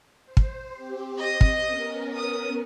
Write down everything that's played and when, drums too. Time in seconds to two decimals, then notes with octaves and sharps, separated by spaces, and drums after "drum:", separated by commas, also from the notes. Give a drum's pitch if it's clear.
0.25 C5
0.37 drum: kick
0.73 C4 G4
1.20 D#5
1.41 drum: kick
1.67 B3 C#4 A#4
2.15 D#6